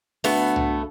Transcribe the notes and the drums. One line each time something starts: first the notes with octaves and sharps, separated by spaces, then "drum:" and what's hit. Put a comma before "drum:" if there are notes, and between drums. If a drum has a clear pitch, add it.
D2 A3 B3, drum: open hi-hat
drum: tom C2